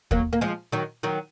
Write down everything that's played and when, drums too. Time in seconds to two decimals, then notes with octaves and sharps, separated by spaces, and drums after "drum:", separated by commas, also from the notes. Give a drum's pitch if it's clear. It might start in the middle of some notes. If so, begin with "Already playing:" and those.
0.11 F#3 A#3, drum: kick D#2
0.33 A#3
0.41 F3 G#3
0.72 D#3 F#3
1.03 D#3 F#3